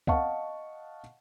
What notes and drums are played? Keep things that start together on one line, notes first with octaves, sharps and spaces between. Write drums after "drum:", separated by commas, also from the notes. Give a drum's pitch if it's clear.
D#5 F5 F#5 A5 C#6, drum: kick